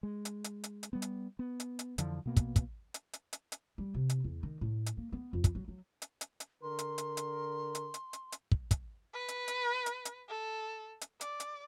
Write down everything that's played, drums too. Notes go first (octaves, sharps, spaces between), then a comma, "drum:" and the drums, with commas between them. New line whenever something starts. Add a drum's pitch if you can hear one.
G#3
drum: hi-hat
drum: hi-hat
drum: hi-hat
drum: hi-hat
G3 B3
drum: hi-hat
B3
drum: hi-hat
drum: hi-hat
F2 D3 E3 F3, drum: hi-hat
B2 A#3 B3
drum: kick, hi-hat
drum: kick, hi-hat
drum: hi-hat
drum: hi-hat
drum: hi-hat
drum: hi-hat
G3
C3
drum: hi-hat
E2
D#3
A2
drum: hi-hat
A#3
B3
F2
drum: kick, hi-hat
F#3
F#3
drum: hi-hat
drum: hi-hat
drum: hi-hat
D3 A#4 C6
drum: hi-hat
drum: hi-hat
drum: hi-hat
drum: hi-hat
drum: hi-hat
drum: hi-hat
drum: hi-hat
drum: kick
drum: kick, hi-hat
B4
drum: hi-hat
drum: hi-hat
drum: hi-hat
drum: hi-hat
A4
drum: hi-hat
D5, drum: hi-hat
drum: hi-hat